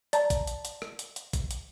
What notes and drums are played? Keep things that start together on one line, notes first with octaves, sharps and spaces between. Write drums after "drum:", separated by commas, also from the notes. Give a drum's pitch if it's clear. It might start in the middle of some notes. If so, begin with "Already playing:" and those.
D5 A5 A#5, drum: hi-hat
drum: kick A1, hi-hat
drum: hi-hat
drum: hi-hat
drum: rim click
drum: hi-hat
drum: hi-hat
drum: kick A1, hi-hat
drum: hi-hat